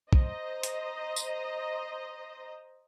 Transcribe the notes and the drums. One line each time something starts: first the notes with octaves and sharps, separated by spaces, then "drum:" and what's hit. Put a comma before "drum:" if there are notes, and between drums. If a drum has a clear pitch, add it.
C5 D#5 A#5, drum: kick
drum: hi-hat
drum: tambourine